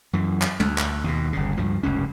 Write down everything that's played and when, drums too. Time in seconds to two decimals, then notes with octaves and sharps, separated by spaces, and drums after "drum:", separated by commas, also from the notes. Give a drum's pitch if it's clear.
0.13 F#2 E3
0.42 drum: clap
0.60 D2, drum: tom
0.78 drum: clap
1.04 D#2 B2
1.33 G1 C#3
1.57 C#2 G2 F3
1.83 F1 C#2 G2 C#4